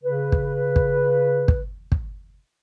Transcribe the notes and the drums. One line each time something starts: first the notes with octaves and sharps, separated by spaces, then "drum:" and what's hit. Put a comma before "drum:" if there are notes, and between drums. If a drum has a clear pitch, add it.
C#3 B4
drum: kick
drum: kick
drum: kick
drum: kick